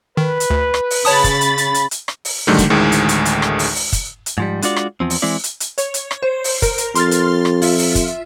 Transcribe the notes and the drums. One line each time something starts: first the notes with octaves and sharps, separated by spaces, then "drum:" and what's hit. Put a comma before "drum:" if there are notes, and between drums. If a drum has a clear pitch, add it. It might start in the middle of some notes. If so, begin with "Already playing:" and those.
D#3 B4
drum: hi-hat
D2
drum: rim click
drum: open hi-hat
C#3 C#5 A5 B5 D#6 A6, drum: open hi-hat
drum: kick, hi-hat
drum: hi-hat
drum: hi-hat
drum: hi-hat
drum: hi-hat
drum: rim click
drum: open hi-hat
G#2 D3 D#3 F#3 G3 A3
drum: kick, hi-hat
A1 D2 A2 D#3 G#3
drum: hi-hat
drum: hi-hat
drum: hi-hat
drum: rim click
drum: open hi-hat
drum: open hi-hat
drum: kick, hi-hat
drum: hi-hat
G#2 F3 G3
G#3 D4 F4 F#4 D5, drum: hi-hat
drum: rim click
E2 F3 C4
drum: open hi-hat
E3 G#3 C4 E4 D5
drum: hi-hat
drum: hi-hat
C#5, drum: hi-hat
drum: hi-hat
drum: rim click
C5
drum: open hi-hat
A#4, drum: kick, hi-hat
drum: hi-hat
F2 C6 F6 A6, drum: hi-hat
drum: hi-hat
drum: rim click
F4 E5, drum: open hi-hat
drum: open hi-hat
drum: kick, hi-hat